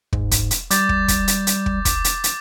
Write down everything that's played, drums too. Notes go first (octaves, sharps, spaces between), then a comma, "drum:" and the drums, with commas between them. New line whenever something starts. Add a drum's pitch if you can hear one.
G#2, drum: kick
drum: kick, hi-hat
drum: hi-hat
G3 D6 G6 A6, drum: hi-hat
drum: kick
drum: kick, hi-hat
drum: hi-hat
drum: hi-hat
drum: kick
D6, drum: kick, hi-hat
drum: hi-hat
drum: hi-hat